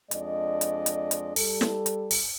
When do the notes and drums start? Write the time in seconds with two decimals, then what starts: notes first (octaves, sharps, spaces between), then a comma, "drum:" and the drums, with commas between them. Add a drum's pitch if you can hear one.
0.11 F2 G#3 D4 D5 D#5, drum: hi-hat
0.61 drum: hi-hat
0.86 drum: hi-hat
1.11 drum: hi-hat
1.36 G3 A4, drum: open hi-hat
1.61 drum: snare
1.86 drum: hi-hat
2.11 drum: open hi-hat